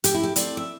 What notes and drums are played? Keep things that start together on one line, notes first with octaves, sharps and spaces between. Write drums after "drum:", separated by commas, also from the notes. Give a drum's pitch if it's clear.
A2 G4, drum: hi-hat
E4
G4
A3 C4 D5, drum: hi-hat
E5